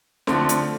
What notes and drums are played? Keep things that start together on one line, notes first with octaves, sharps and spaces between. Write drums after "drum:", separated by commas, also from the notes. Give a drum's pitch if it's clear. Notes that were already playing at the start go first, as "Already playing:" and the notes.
D3 F3 A3 C4, drum: snare
drum: hi-hat